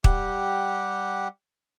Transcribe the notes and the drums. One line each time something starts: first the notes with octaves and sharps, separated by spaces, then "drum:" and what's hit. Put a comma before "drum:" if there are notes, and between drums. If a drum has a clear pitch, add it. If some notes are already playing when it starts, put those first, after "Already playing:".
G3 G4 F#5, drum: kick